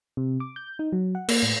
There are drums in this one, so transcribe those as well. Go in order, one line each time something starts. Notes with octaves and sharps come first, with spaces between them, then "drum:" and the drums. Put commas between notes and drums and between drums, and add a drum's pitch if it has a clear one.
C3
D6
G6
D#4
F#3
F#5
A#3, drum: cymbal
A2